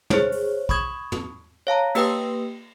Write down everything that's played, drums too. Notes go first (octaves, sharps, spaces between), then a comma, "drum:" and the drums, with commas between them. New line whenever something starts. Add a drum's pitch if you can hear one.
G#4 C5 C#5, drum: tom
drum: open hi-hat
B5 C#6 D#6 G#6, drum: kick
drum: tom
C#5 F5 A5 A#5
A#3 G4 B4 G5 D#6, drum: cymbal